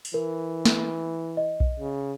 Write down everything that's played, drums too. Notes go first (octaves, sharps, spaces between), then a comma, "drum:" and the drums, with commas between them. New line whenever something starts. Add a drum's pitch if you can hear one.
drum: open hi-hat
E3 A#4
drum: snare
D#5
drum: kick B1
C#3